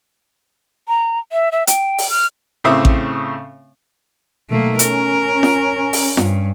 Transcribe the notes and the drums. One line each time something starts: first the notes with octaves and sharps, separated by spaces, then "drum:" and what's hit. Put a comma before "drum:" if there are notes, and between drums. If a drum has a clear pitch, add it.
A#5
E5
E5
G5, drum: hi-hat
drum: open hi-hat
F6
A2 C#3 C4 E5 D6 D#6
drum: kick A1
B2 D#3 F#3 A3 A#3
C#4 A#4, drum: hi-hat
drum: snare
drum: open hi-hat
G2, drum: snare